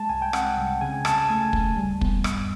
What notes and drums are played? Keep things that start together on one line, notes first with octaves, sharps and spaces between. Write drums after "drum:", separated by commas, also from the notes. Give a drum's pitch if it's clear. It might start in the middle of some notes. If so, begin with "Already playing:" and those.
Already playing: G#3 A5
C2 G#5
G5
C4 F#5, drum: rim click
C2
C#3 G#5
D#2 A5, drum: rim click
A3 G#5
D#2, drum: kick
G3
B3, drum: kick
G2, drum: rim click